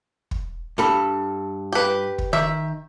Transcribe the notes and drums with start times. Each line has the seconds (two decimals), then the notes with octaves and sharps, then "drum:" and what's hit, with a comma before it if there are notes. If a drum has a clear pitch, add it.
0.31 drum: kick
0.78 G2 A4 B5
1.73 G4 B4
2.18 drum: kick
2.33 D#3 E5